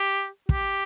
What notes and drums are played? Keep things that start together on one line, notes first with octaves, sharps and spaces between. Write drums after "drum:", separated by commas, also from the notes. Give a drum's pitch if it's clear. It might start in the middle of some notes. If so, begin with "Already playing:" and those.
Already playing: G4
G4, drum: kick